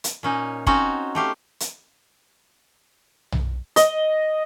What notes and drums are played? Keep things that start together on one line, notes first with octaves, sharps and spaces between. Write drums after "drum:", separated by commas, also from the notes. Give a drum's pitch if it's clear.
drum: hi-hat
A#2 C#4 D#4
C4 C#4 D#4 F#4, drum: kick
A3 G4 F5
drum: hi-hat
drum: tom B1
D#5, drum: hi-hat